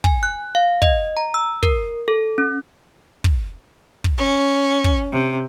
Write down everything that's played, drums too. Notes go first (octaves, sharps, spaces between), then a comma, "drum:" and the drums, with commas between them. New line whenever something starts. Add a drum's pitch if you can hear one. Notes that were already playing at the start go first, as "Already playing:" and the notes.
G#5, drum: kick
F#6
F5
D#5, drum: kick
A#5
E6
A#4, drum: kick
A4
C#4
drum: kick
drum: kick
C#4
drum: kick
C3